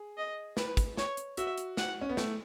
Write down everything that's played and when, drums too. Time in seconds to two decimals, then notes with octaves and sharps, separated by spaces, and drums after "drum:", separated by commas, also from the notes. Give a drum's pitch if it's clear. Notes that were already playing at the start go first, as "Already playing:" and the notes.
Already playing: G#4
0.17 D#5
0.57 B4, drum: snare
0.77 drum: kick, hi-hat
0.97 C#5, drum: snare
1.17 drum: hi-hat
1.37 F#4 E5, drum: hi-hat
1.58 drum: hi-hat
1.77 F#5, drum: snare
2.01 C#4
2.09 B3
2.17 A3, drum: snare